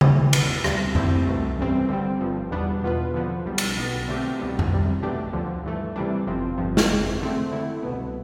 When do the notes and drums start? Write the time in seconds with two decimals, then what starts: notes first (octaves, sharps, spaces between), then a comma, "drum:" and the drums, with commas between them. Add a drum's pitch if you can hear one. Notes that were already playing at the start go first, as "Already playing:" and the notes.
0.01 A1 A2 E3 G3, drum: tom C#3
0.33 E2 B2 B3, drum: cymbal
0.64 D2 C3 G3 D4, drum: rim click
0.95 D3 A3 C4 E4 G4, drum: tom F2
1.27 C2 B2 A3
1.57 A1 G2 E3 G3 C4
1.89 D3 G3 C4
2.21 G1 G2 F3
2.51 E2 B2 G3 B3 D4
2.83 E2 B2 B3 F4 B4
3.14 D3 F3 B3
3.46 B1 B2 G3
3.58 drum: cymbal
3.77 B1 B2 B3
4.08 D3 A3 C4 G4
4.39 C2 B2 G3 B3
4.59 drum: tom F2
4.70 F2 C3 G3
5.02 B1 B2 A3 D4 G4
5.33 D2 D3 F3
5.64 G2 E3 A3
5.96 C3 E3 G3 D4
6.27 G1 F2 C3 F3 C4
6.58 G1 G2 F3
6.77 drum: snare
6.89 G1 F2 C3
7.20 D3 A3 C4
7.52 D3 A3 E4
7.83 C2 B2 B3